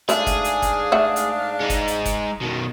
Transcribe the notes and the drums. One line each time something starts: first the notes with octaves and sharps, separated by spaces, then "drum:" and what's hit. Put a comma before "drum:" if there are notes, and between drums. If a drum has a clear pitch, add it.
G#2 A3 D4 G#4 E5 F5, drum: hi-hat
drum: kick, hi-hat
drum: hi-hat
drum: kick, hi-hat
A3 E5 F#5
drum: hi-hat
G#3 D#4
drum: kick, hi-hat
drum: hi-hat
drum: kick, hi-hat
B2 D#3